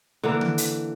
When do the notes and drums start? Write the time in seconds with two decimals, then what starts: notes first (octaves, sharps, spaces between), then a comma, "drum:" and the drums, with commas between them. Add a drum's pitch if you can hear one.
0.23 D3 E3 A#3
0.41 drum: tom D3
0.58 drum: hi-hat